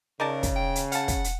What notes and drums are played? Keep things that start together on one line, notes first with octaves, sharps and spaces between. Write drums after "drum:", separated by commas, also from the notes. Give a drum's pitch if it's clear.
C#3 D#4 A#4 D5 A5
drum: kick, hi-hat
G5
drum: hi-hat
F5 F#5 A5, drum: hi-hat
drum: kick, hi-hat
drum: hi-hat